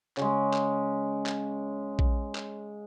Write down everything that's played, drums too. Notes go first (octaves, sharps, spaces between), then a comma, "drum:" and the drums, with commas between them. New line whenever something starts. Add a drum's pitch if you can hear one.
C#3 G#3, drum: clap
drum: clap
drum: clap
drum: kick A#1
drum: clap